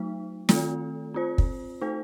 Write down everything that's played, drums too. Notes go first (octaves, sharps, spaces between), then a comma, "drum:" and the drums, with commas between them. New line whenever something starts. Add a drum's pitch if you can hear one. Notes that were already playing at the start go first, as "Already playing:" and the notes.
Already playing: F#3 A3 D#4
D#3 A3 C4 F4 A4, drum: snare
C4 F4 C5
drum: kick
A3 D#4 A4 C5